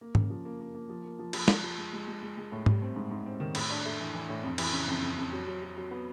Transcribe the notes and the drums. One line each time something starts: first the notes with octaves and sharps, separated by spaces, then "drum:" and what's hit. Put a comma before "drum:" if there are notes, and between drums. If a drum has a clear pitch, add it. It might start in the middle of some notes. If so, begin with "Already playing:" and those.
A#3
C#3, drum: tom G#2
F3
A#3
A#3
A#3
F3
A#3
F3
F3, drum: cymbal
F3, drum: snare
F3
G#3
G#3
G#3
G#3
G#3
A2
G3, drum: tom G#2
C4
G#2
G#2
C4
D#3
A2, drum: cymbal
D4
A3
E3
E3
A2
F2
E3, drum: cymbal
C#3
F2
F2
F2
F#3
F#3
F#3
F#3
B3